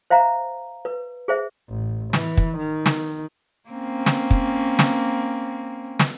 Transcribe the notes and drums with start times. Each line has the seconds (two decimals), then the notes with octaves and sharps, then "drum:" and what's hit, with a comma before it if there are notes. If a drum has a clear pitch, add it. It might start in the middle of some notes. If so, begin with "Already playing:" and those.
0.10 C5 E5 F5 A#5
0.85 B4
1.28 G#4 C5 E5
1.69 A1
2.13 E3, drum: snare
2.37 drum: kick
2.57 D#3
2.86 drum: snare
3.70 A#3 C4 C#4
4.06 drum: snare
4.31 drum: kick
4.79 drum: snare
5.99 drum: snare